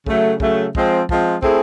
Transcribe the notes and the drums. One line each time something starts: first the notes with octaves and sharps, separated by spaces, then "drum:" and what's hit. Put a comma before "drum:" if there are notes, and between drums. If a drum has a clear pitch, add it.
C#3 F#3 A3, drum: kick
C#3 F#3 A3, drum: kick
F3 G#3 C4, drum: kick
F3 G#3 C4, drum: kick
A3 C4 E4 G#4, drum: kick